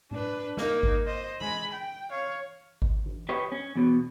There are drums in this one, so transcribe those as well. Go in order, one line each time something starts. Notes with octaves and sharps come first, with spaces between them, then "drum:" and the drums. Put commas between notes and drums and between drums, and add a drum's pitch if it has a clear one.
D4 B4, drum: tom A2
A#3 D#4, drum: snare
drum: kick G#1
C5 D#5
G#3 B5, drum: tom E3
G5
C#5 F5
drum: kick G#1
drum: tom E3
G4 B4 C#5 D#5
C#4
E2 B2